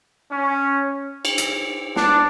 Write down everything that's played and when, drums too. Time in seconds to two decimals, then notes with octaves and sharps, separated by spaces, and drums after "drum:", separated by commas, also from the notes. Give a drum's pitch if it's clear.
0.31 C#4
1.25 drum: cymbal
1.38 drum: hi-hat
1.96 D4, drum: snare